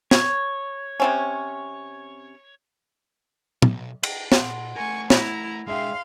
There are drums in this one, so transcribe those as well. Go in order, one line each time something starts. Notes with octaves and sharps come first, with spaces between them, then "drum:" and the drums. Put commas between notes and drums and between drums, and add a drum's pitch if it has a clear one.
C#5, drum: snare
C3 C4 C#4
B1, drum: tom
G5, drum: cymbal
A#2 F#5 C6, drum: snare
A3 A#4 G#5 C#6
E4 A#5, drum: snare
G#3 D4 G#4 E5 F5 G5 C6